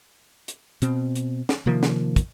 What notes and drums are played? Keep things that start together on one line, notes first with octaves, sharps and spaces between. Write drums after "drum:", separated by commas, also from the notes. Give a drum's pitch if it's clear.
drum: hi-hat
B2 C4, drum: hi-hat
drum: hi-hat
drum: snare
C3 D#3 F3 A#3
drum: snare
drum: kick, hi-hat